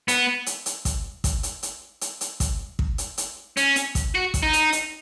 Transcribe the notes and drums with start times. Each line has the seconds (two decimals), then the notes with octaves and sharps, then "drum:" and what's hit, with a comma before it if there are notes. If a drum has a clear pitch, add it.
0.08 B3, drum: hi-hat
0.46 drum: hi-hat
0.66 drum: hi-hat
0.85 drum: kick, hi-hat
1.24 drum: kick, hi-hat
1.43 drum: hi-hat
1.63 drum: hi-hat
2.01 drum: hi-hat
2.21 drum: hi-hat
2.40 drum: kick, hi-hat
2.79 drum: kick
2.98 drum: hi-hat
3.18 drum: hi-hat
3.57 C#4, drum: hi-hat
3.76 drum: hi-hat
3.95 drum: kick, hi-hat
4.15 F#4
4.34 drum: kick, hi-hat
4.43 D#4
4.53 drum: hi-hat
4.73 drum: hi-hat